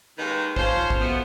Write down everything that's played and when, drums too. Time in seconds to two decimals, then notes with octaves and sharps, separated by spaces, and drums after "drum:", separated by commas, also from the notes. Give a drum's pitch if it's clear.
0.19 D#2 D#3 G#3 C#4 D#4 B4
0.56 F3 C#4 F4 C5, drum: kick
0.90 drum: kick
0.99 B2 F3 A3 B3